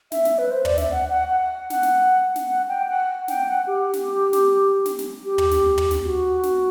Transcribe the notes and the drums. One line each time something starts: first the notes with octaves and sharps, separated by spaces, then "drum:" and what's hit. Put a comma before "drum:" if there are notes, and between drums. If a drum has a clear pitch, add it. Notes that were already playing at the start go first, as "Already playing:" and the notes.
E5, drum: snare
drum: snare
B4
C5
D5, drum: tom
E5, drum: snare
F#5
F#5
F#5
F#5, drum: snare
drum: snare
drum: snare
F#5
G5
F#5
G5, drum: snare
F#5
G4
drum: snare
drum: snare
drum: snare
drum: snare
G4
drum: tom
drum: snare
drum: tom
drum: snare
F#4
drum: snare